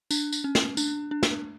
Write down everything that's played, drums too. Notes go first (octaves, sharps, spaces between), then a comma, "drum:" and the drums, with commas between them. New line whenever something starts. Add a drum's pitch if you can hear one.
D4, drum: tambourine
drum: tambourine
C#4
drum: snare
D4, drum: tambourine
D4
drum: snare